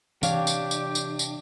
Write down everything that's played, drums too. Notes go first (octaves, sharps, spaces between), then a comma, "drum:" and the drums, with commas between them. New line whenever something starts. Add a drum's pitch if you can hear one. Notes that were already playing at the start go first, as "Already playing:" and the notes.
C3 E3 D4 G4 C#5 F5, drum: tambourine
drum: tambourine
drum: tambourine
drum: tambourine
drum: tambourine